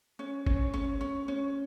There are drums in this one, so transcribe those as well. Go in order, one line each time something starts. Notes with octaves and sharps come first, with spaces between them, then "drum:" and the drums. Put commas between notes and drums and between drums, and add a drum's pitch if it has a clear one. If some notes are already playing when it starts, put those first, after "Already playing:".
C#4
C#4, drum: kick G1
C#4
C#4
C#4